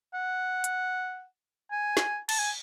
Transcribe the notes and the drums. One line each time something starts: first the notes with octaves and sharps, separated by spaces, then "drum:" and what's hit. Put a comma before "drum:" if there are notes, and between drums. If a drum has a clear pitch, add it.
F#5
drum: hi-hat
G#5
drum: snare
A5, drum: cymbal
G#5